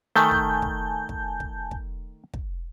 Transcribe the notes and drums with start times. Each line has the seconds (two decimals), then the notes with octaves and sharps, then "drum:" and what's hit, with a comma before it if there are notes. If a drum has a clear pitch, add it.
0.16 D#3 A3 G#5 A5 G6
0.31 drum: kick
0.62 drum: kick
1.09 drum: kick
1.40 drum: kick
1.71 drum: kick
2.33 drum: kick